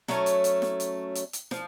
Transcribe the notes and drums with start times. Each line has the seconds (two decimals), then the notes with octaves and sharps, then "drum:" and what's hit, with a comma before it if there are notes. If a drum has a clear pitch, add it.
0.08 F#3 A3 C#4 A4, drum: snare
0.26 drum: hi-hat
0.44 drum: hi-hat
0.62 drum: snare
0.80 drum: hi-hat
1.15 drum: hi-hat
1.33 drum: hi-hat
1.51 F3, drum: snare